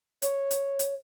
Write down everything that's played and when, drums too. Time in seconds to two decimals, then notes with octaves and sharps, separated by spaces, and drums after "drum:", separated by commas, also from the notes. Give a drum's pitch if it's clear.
0.22 C#5, drum: hi-hat
0.51 drum: hi-hat
0.79 drum: hi-hat